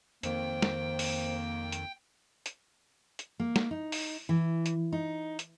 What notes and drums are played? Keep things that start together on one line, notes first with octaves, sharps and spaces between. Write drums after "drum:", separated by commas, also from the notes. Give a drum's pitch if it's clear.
F2 D#3 A#3 C5 G5, drum: hi-hat
drum: snare
drum: open hi-hat
drum: hi-hat
drum: hi-hat
drum: hi-hat
A#3
drum: snare
D#4
drum: open hi-hat
E3
drum: hi-hat
D#4
drum: hi-hat